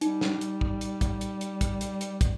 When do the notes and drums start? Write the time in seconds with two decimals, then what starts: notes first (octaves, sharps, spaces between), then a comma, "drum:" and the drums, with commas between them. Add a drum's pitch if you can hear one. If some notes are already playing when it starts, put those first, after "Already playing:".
0.01 G3 D#4, drum: hi-hat
0.21 drum: snare
0.41 drum: hi-hat
0.61 drum: kick
0.81 drum: hi-hat
1.01 drum: kick, hi-hat
1.21 drum: hi-hat
1.41 drum: hi-hat
1.61 drum: kick, hi-hat
1.81 drum: hi-hat
2.01 drum: hi-hat
2.21 drum: kick, hi-hat